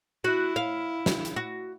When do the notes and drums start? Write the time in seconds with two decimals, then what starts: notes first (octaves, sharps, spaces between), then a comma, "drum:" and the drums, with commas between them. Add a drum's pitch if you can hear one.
0.24 E4 F#4
0.56 F5
1.06 drum: snare
1.25 drum: hi-hat
1.36 F#4